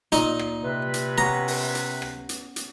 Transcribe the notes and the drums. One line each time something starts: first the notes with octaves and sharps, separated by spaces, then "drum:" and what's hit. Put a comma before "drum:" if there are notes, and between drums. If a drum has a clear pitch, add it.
A#2 D#4, drum: hi-hat
drum: rim click
C3 B4
drum: hi-hat
B3 C#4 A#5
drum: open hi-hat
drum: hi-hat
drum: rim click
drum: hi-hat
drum: hi-hat